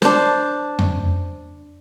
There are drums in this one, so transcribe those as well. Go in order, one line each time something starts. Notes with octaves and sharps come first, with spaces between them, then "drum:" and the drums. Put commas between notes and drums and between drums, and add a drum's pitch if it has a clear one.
D4 C5, drum: snare
drum: tom F2